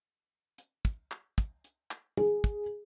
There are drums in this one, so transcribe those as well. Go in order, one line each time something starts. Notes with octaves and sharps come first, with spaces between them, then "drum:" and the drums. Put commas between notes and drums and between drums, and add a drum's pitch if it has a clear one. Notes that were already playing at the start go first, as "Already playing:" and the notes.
drum: hi-hat
drum: kick, hi-hat
drum: clap
drum: kick, hi-hat
drum: hi-hat
drum: clap
G#4, drum: tom
drum: kick, hi-hat